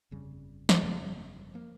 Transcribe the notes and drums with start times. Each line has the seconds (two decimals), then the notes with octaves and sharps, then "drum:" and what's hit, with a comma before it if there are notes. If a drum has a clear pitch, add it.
0.11 G1 F2 C#3 G3
0.69 drum: snare
0.82 G1 F2 C#3 G3
1.54 F3 A#3